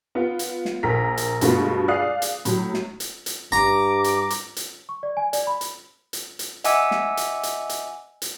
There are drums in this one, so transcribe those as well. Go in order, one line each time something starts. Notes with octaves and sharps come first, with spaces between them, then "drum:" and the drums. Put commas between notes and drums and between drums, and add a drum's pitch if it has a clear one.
B3 F4
drum: hi-hat
drum: snare
A#1 A#4 B6
drum: hi-hat
G2 B2 G#3 A3 B3 F4, drum: hi-hat
G#4 D5 F5 D#6 F#6 C7
drum: hi-hat
A2 F#3, drum: hi-hat
drum: snare
drum: hi-hat
drum: hi-hat
G2 A#5 D6
drum: hi-hat
drum: hi-hat
drum: hi-hat
C#6
D5
G#5
D5, drum: hi-hat
B5
drum: hi-hat
drum: hi-hat
drum: hi-hat
D#5 E5 F#5 G#5 D6 E6, drum: hi-hat
drum: snare
drum: hi-hat
drum: hi-hat
drum: hi-hat
drum: hi-hat